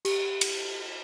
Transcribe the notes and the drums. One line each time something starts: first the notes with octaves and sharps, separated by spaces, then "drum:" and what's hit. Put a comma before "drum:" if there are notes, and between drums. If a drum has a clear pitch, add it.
G4, drum: cymbal
drum: cymbal